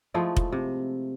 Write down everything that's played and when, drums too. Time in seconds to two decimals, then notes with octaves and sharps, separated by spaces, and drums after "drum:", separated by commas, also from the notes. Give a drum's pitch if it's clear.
0.14 F3 G#3 A3 E4
0.36 drum: kick F1
0.52 C3